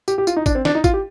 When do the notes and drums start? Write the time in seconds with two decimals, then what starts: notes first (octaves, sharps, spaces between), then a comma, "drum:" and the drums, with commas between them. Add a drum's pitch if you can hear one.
0.08 G4, drum: tambourine
0.18 G4
0.27 F4, drum: tambourine
0.37 D#4
0.46 D4, drum: kick, tambourine
0.55 C4
0.65 D4, drum: snare
0.75 D#4
0.84 F4, drum: kick, tambourine
0.94 G4